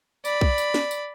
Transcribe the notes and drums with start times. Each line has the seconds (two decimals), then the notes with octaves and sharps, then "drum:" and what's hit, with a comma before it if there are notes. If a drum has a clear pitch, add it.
0.25 D5 B5, drum: tambourine
0.41 drum: kick B1
0.58 drum: tambourine
0.74 drum: snare
0.91 drum: tambourine